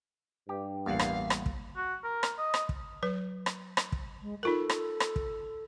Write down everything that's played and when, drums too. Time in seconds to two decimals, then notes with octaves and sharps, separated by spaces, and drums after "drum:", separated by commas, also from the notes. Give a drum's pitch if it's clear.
0.49 G2 G4
0.86 A1 E2 G3 A#3 F5 F#5
0.99 drum: rim click
1.30 drum: rim click
1.46 drum: kick
1.77 F#4
2.04 A#4
2.23 drum: rim click
2.38 D#5
2.54 drum: rim click
2.69 drum: kick
3.03 F#3 B4
3.46 drum: rim click
3.77 drum: rim click
3.92 drum: kick
4.22 G#3
4.43 D#4 F4 A4 A#4
4.69 drum: rim click
5.00 drum: rim click
5.16 drum: kick